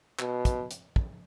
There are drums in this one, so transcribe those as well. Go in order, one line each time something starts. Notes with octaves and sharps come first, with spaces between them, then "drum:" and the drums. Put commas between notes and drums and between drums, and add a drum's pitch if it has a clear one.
B2, drum: clap
drum: kick, hi-hat
drum: hi-hat
drum: kick